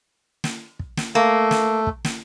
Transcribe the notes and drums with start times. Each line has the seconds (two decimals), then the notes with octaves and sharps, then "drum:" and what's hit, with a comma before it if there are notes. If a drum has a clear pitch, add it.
0.44 drum: snare
0.79 drum: kick
0.97 drum: snare
1.15 A3 A#3
1.51 drum: snare
1.87 drum: kick
2.04 drum: snare